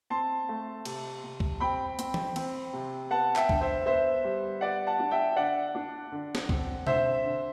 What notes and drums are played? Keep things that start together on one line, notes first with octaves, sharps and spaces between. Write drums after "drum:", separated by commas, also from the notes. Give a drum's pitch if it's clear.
C4 A5 C6
A3
C3, drum: cymbal
C3
drum: kick C#2
C4 G5 B5
C4, drum: hi-hat
drum: tom E3
C4, drum: cymbal
C3
B3 F#5 A5
E5 G5, drum: clap
D3, drum: kick C#2
C5 E5
B3 C5 E5
G3
B3 D5 F#5
F#5 A5
D4
E5 G5
D3 D5 F#5
D4
D3
drum: snare
C4, drum: kick C#2
D3 C5 E5, drum: tom B2
D3